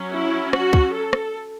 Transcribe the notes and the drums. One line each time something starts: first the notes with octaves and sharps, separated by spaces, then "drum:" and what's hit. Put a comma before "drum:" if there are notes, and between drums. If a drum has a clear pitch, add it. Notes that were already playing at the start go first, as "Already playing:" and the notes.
Already playing: F#3 C#4
E4
F#4, drum: rim click
drum: kick
A4
drum: rim click